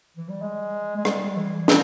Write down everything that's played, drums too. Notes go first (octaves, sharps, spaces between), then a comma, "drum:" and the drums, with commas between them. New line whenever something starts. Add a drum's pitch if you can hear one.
E3
G3
G#3
G#3
G3, drum: rim click
E3
G3, drum: snare